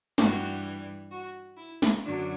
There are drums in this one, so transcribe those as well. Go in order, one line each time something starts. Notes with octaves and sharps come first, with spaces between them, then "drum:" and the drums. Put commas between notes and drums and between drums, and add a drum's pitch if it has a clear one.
G2 E3 G3 F#4, drum: snare
F#4
E4
drum: snare
F#2 D3 F#3 D4